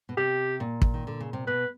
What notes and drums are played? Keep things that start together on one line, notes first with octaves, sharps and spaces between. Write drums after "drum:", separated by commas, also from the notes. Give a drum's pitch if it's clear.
B2
C3 G4
A#2
drum: kick
D#3
D3
C#3
C3
B2 B4